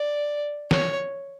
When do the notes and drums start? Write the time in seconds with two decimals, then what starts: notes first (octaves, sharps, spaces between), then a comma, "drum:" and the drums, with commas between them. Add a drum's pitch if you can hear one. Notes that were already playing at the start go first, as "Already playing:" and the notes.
Already playing: D5
0.71 C#5, drum: snare E3